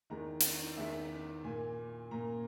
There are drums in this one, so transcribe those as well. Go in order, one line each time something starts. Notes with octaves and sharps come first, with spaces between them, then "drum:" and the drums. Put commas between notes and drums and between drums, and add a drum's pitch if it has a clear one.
E2 D#3 G#3 A#5
drum: hi-hat
E2 D#3 G#3 E5
A#2 A#3 G#5
A#2 A#3 A#5